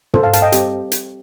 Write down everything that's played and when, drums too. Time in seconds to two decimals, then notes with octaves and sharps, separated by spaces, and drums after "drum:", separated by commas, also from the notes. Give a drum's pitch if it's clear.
0.14 A4 C5, drum: tom
0.23 F5 A5
0.33 F5 A5, drum: hi-hat
0.42 D#5 G5
0.52 G3 C4 G4, drum: hi-hat
0.92 drum: hi-hat